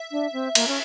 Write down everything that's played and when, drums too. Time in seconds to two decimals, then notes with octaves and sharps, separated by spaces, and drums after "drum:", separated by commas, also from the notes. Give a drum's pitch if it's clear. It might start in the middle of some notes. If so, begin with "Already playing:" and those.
Already playing: E5
0.11 D4
0.33 C4
0.55 A#3, drum: cymbal
0.68 C#4